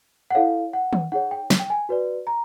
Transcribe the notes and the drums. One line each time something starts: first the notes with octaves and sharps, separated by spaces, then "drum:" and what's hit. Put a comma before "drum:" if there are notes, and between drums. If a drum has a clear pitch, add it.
F#5
E4 A4 C#5 F5
F#5
drum: tom D#3
D#4 G#4 C#5 F#5
G5
drum: snare
G5
G#5
F#4 B4 D5
A#5